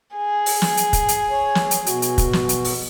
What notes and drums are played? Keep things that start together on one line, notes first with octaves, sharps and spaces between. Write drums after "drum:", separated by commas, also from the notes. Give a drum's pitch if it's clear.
G#4
drum: open hi-hat
drum: snare
drum: hi-hat
drum: kick, hi-hat
drum: hi-hat
C#5
drum: snare
drum: hi-hat
B2 F#4, drum: hi-hat
drum: hi-hat
drum: kick, hi-hat
drum: snare
drum: hi-hat
drum: open hi-hat